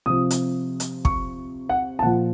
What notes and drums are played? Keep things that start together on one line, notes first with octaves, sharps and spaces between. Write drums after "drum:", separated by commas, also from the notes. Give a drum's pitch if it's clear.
C3 F3 D#6
drum: hi-hat
drum: hi-hat
C#6, drum: kick
F#5
A5
A#2 F3 F#5